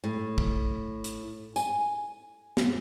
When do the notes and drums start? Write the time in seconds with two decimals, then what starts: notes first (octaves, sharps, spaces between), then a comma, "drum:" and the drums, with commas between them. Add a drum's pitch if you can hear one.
0.04 A2
0.38 drum: kick
1.04 drum: hi-hat
1.56 G#5, drum: tambourine
2.57 drum: snare